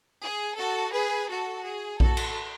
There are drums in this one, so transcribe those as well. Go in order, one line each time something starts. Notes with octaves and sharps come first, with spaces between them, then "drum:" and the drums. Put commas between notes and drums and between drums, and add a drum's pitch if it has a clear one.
G#4
F#4 A4
G#4 B4
F#4 A4
G#4
F#4 A4, drum: kick A#1
drum: cymbal